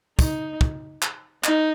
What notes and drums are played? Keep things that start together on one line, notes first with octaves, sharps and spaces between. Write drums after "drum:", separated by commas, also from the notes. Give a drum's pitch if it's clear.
D#4, drum: kick, tambourine
drum: kick
drum: clap
D#4, drum: clap